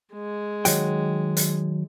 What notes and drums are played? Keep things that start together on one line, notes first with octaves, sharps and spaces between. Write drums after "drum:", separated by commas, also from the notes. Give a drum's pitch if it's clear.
G#3
D#3 F#3 G5, drum: hi-hat
drum: hi-hat